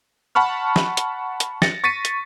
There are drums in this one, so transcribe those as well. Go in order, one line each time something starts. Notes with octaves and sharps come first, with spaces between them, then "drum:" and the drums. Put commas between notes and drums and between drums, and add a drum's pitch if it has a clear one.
F#5 A5 B5 C#6 F6
drum: snare
drum: hi-hat
drum: hi-hat
A6 A#6 C#7, drum: snare
C#6 A6 B6 C#7 D#7
drum: hi-hat